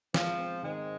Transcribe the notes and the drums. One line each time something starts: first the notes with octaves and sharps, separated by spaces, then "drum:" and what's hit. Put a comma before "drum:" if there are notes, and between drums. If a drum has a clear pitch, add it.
F3 G#3, drum: snare
C4
G#2 D#3 G#3